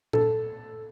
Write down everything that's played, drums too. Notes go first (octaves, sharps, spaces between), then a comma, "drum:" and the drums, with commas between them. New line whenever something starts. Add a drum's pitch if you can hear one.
A4, drum: tom A#2